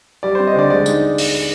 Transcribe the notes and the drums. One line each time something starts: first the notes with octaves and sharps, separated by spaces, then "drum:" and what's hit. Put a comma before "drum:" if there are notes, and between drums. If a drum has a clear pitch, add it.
G3 D5
C4 C5
D#5
D3 D5
G#3 D5
D#4, drum: tambourine
drum: open hi-hat